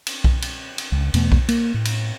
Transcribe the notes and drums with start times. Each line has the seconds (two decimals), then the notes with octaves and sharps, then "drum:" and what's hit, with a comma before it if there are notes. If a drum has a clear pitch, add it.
0.07 drum: cymbal
0.24 drum: kick B1
0.42 drum: cymbal
0.78 drum: cymbal
0.92 C#2
1.14 E2 B2 A3 B3, drum: cymbal
1.32 drum: kick B1
1.48 A#3, drum: cymbal
1.74 A2
1.85 drum: cymbal